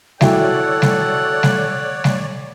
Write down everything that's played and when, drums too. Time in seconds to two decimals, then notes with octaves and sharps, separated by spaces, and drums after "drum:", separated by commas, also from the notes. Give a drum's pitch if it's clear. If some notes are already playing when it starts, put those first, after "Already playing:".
0.21 E4 F#4 A4 C#5 D5 F#5 G5, drum: snare
0.82 drum: snare
1.43 drum: snare
2.04 drum: snare